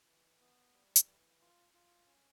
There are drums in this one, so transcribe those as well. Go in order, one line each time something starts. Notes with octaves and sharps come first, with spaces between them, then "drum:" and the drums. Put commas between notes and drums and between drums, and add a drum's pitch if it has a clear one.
E3
B3
G3
drum: hi-hat
E3
F4
F4
C#4